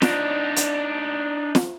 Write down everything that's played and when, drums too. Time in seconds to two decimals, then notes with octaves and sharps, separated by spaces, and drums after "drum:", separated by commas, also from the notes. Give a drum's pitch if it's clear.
0.02 D4 D#4, drum: snare
0.56 drum: hi-hat
1.55 drum: snare